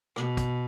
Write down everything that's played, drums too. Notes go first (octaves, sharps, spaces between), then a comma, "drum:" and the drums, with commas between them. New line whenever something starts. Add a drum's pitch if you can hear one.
B2, drum: rim click
drum: kick, hi-hat